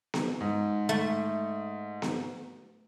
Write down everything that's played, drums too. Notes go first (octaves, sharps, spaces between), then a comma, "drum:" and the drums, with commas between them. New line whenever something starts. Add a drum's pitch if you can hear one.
drum: snare B3
G#2
A3
drum: snare B3